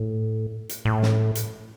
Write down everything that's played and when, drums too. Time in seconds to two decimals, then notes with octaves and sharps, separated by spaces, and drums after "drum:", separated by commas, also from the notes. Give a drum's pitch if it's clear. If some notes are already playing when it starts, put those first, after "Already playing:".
Already playing: A2
0.69 drum: hi-hat
0.85 A2
1.02 drum: snare
1.35 drum: hi-hat